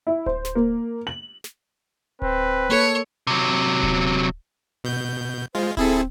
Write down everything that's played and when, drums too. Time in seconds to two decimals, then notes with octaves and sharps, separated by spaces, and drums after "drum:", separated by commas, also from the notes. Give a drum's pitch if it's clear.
0.07 E4
0.26 C5, drum: kick D1
0.45 drum: snare
0.55 A#3
1.07 F#7
1.44 drum: snare
2.22 C4 B4, drum: kick D1
2.70 A#3 A4 C#5
3.27 C3 F#3
3.83 drum: kick D1
4.84 B2 G6
5.55 G#3 F4 C5
5.77 C4 E4 G#4 A4, drum: kick D1